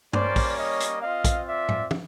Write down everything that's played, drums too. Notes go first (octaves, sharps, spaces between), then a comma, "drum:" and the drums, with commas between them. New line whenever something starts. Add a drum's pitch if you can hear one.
G3 A#3 C#4 C5 D5, drum: tom
drum: kick, open hi-hat
C#5 D#5
drum: hi-hat
C4 F4 D#5 F5
drum: kick, hi-hat
D5 E5
drum: tom
drum: tom